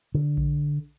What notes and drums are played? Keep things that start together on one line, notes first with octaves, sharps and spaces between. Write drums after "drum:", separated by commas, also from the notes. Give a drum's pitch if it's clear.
D3
drum: kick A#1